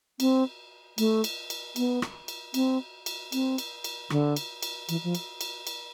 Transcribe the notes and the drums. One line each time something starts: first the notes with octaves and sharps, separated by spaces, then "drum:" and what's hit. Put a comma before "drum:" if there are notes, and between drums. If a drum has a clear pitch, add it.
C4, drum: cymbal
A3, drum: cymbal
drum: cymbal
drum: cymbal
B3, drum: cymbal
drum: rim click
drum: cymbal
C4, drum: cymbal
drum: cymbal
C4, drum: cymbal
drum: cymbal
drum: cymbal
D3, drum: rim click
drum: cymbal
drum: cymbal
E3, drum: cymbal
F3
drum: cymbal
drum: cymbal
drum: cymbal